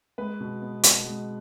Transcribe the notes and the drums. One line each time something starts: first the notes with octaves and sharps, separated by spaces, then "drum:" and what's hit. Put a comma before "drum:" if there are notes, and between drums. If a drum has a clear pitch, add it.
G#3 B4
B2
B3
B2, drum: hi-hat
G#3